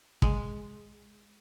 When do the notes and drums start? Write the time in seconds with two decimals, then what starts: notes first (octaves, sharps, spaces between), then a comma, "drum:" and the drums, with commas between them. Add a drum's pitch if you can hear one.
0.22 G#3, drum: kick